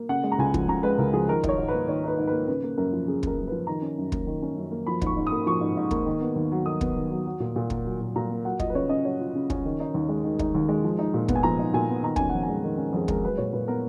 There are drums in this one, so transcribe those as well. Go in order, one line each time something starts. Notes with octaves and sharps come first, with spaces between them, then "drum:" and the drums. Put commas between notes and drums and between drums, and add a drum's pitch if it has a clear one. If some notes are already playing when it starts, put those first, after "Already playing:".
Already playing: A#3
C#3 F#5
G#3
A#5
C#2 G#5
F3, drum: kick
C#3 A#5
G#3 B4
C#2 A#4
F3 G#4
D#3 A#4
D#4, drum: kick
C#5
G#2
B4
A#3
D#3 C#5
D#4 B4
G#2
A#3 B4
C#3 B4
A#3
F#2 A#4
F3
C#3 G#4
A#3 A#4, drum: kick
F#2
F3 B4
D#3 A#5
C#4
F#2
A#3, drum: kick
D#3
C#4
F#2
A#3
F3 B5
G#2 C#6, drum: kick
G#2
D#6
A#3
F3 C#6
G#2
G#2
A#3, drum: kick
D#3
B3
D#2
F#3
D#3 D#6
B3, drum: kick
D#2
F#3
F#3
A#2
A#2
A#3, drum: kick
F#3
A#2
A#2 A#5
A#3
F#3 F#5
F4 D#5, drum: kick
B4
C#3 C#5
C#4 D#5
F#3 C#5
F4
C#3
C#4, drum: kick
D#3
D#4
D#2
G#3
D#3
D#4, drum: kick
D#2
G#3
F3
D#4
A#2
B3, drum: kick
G#5
F3 A#5
D#4
A#2 G#5
B3
D#3 A#5
C#4 G#5, drum: kick
F2 F#5
G#5
G#3
D#3
C#4
F2 G#4
G#3 A#4, drum: kick
F#3 B4
A#2 C#5
A#2 B4
B3 A#4